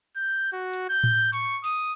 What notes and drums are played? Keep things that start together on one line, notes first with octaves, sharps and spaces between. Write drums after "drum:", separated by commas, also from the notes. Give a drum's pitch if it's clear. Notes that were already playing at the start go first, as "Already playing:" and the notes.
G6
F#4
drum: hi-hat
G6
drum: tom A2
C#6, drum: hi-hat
D#6, drum: open hi-hat